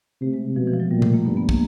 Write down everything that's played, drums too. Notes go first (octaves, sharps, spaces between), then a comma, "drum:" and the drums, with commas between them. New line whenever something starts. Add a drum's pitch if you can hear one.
C3 A3
G#3
B2 F3
E3
F3
F#3
A#2 G3
A3, drum: tom B2
A#3
G2 B3
B3
A#3, drum: kick